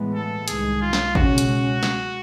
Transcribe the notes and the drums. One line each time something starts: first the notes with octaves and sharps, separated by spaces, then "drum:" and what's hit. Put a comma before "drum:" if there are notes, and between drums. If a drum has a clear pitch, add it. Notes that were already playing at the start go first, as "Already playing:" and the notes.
Already playing: A2 E3 G#3 B3
A4
C2 C3 D#3 G#3 G#4, drum: hi-hat
F4
drum: snare
C#2 B2 G#3 C#4 F#4, drum: kick G#1
drum: hi-hat
drum: snare